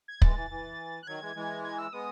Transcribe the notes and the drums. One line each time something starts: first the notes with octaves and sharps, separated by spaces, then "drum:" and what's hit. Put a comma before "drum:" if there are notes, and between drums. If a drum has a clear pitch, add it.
G#6
E3 G#3 A6, drum: kick
E3
E3
F#6
D#3 F#3 G#6
E3 G#3
E3 G#3
G#6
E6
G#3 B3 D#6